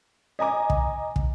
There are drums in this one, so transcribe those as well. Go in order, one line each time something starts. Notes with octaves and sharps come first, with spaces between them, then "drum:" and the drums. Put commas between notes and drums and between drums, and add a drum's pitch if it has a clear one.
D#5 G#5 A#5 D6
drum: kick
drum: kick